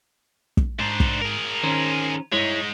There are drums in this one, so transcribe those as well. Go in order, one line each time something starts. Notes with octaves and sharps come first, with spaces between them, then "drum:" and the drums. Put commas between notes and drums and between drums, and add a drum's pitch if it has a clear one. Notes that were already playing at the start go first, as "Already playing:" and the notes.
drum: kick
G#2 D4 C5
drum: kick
G#4 A#4
D#3 C#4 C5
G2 G#3 D#4 E4 C#5